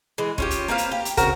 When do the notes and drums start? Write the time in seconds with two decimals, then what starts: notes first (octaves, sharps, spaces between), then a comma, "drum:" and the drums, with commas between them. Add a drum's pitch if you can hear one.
0.18 E3 G#3
0.38 C#4 F4 G4, drum: kick
0.51 drum: hi-hat
0.68 A#3 C4 B4 F5
0.78 drum: hi-hat
0.92 G4
1.05 drum: hi-hat
1.17 C#3 C4 F#4 A#4, drum: kick, hi-hat